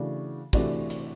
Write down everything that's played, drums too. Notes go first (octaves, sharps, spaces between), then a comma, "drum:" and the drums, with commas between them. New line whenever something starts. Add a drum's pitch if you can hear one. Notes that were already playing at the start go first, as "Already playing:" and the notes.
Already playing: C#3 E3 A3 D4 F#4
C3 E3 A3 D4 F#4, drum: kick, hi-hat
drum: hi-hat